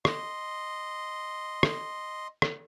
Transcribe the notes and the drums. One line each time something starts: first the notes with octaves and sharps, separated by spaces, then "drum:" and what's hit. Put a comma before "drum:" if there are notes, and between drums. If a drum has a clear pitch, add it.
D#5 C6, drum: rim click
drum: rim click
drum: rim click